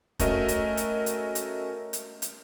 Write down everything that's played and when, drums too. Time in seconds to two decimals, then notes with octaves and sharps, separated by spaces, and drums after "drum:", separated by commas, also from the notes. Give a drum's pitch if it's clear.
0.19 A3 C#4 F#4 A#4 D#5 E5, drum: kick F1, hi-hat
0.48 drum: hi-hat
0.77 drum: hi-hat
1.06 drum: hi-hat
1.35 drum: hi-hat
1.93 drum: hi-hat
2.22 drum: hi-hat